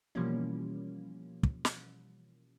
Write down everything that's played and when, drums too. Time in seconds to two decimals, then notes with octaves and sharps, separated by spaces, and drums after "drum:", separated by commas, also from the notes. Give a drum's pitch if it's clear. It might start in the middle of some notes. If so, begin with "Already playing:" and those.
0.15 B2 E3 F3 G3 A#3 C#4
1.43 drum: kick
1.65 drum: snare